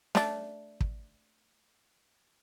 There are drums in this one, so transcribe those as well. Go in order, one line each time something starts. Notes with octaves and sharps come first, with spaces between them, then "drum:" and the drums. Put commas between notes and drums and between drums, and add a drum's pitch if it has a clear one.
A3 D4, drum: snare
drum: kick